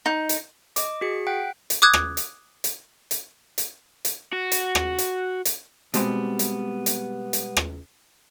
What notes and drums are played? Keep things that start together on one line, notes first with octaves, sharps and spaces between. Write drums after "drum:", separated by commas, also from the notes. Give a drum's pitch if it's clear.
D#4
drum: hi-hat
D#5 D6, drum: hi-hat
F#4 G#4 C#7
F#5 G5 F#6 B6 C7 D7
drum: hi-hat
D6 D#6 F#6 G#6
drum: rim click
drum: hi-hat
drum: hi-hat
drum: hi-hat
drum: hi-hat
drum: hi-hat
F#4
drum: hi-hat
drum: rim click
drum: hi-hat
drum: hi-hat
B2 G3 G#3 B3 C4, drum: hi-hat
drum: hi-hat
drum: hi-hat
drum: hi-hat
drum: rim click